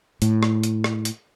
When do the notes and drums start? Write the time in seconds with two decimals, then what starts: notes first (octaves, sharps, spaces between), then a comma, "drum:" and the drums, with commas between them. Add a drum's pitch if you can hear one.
0.22 A2, drum: hi-hat
0.43 drum: rim click
0.63 drum: hi-hat
0.84 drum: rim click
1.05 drum: hi-hat